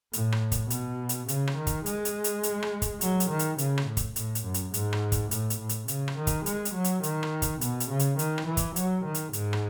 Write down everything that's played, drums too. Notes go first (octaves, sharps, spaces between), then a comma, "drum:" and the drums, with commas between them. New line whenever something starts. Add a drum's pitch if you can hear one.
A2, drum: hi-hat
drum: rim click
drum: kick, hi-hat
B2, drum: hi-hat
drum: hi-hat
C#3, drum: hi-hat
drum: rim click
D#3
drum: kick, hi-hat
G#3, drum: hi-hat
drum: hi-hat
drum: hi-hat
drum: hi-hat
drum: rim click
drum: kick, hi-hat
F#3, drum: hi-hat
drum: hi-hat
D#3
drum: hi-hat
C#3, drum: hi-hat
drum: rim click
A2
drum: kick, hi-hat
A2, drum: hi-hat
drum: hi-hat
F#2
drum: hi-hat
G#2, drum: hi-hat
drum: rim click
drum: kick, hi-hat
A2, drum: hi-hat
drum: hi-hat
A2
drum: hi-hat
C#3, drum: hi-hat
drum: rim click
D#3
drum: kick, hi-hat
G#3, drum: hi-hat
drum: hi-hat
F#3
drum: hi-hat
D#3, drum: hi-hat
drum: rim click
drum: kick, hi-hat
B2, drum: hi-hat
drum: hi-hat
C#3
drum: hi-hat
D#3, drum: hi-hat
drum: rim click
E3
drum: kick, hi-hat
F#3, drum: hi-hat
D#3
drum: hi-hat
G#2, drum: hi-hat
drum: rim click